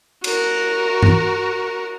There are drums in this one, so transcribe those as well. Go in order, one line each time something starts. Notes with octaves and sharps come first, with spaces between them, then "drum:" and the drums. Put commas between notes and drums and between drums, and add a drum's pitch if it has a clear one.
F#4 A#4, drum: cymbal
drum: tom G2